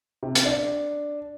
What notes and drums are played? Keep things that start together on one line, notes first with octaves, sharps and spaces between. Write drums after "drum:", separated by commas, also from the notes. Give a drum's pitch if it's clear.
C3
drum: hi-hat
D4